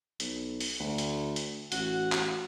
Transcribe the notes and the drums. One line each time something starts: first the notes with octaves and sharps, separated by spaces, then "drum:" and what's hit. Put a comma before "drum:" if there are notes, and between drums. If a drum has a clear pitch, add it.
B1, drum: hi-hat
drum: open hi-hat
D2
drum: hi-hat
drum: hi-hat
A1 F#4, drum: hi-hat
drum: clap